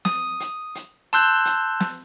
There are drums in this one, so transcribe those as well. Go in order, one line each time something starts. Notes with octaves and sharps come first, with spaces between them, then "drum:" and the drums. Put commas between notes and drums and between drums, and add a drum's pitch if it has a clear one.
D#6, drum: snare
drum: hi-hat
drum: hi-hat
A5 C6 E6 F#6 G6, drum: hi-hat
drum: hi-hat
drum: snare